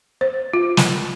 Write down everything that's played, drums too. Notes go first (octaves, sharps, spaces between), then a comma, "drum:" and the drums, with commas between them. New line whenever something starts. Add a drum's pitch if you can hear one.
C5
F4
drum: snare